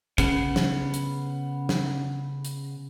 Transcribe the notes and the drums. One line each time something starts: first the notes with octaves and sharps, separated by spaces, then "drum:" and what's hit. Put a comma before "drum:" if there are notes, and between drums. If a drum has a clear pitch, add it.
C#3 B3, drum: kick, hi-hat
drum: snare
drum: hi-hat
drum: snare
drum: hi-hat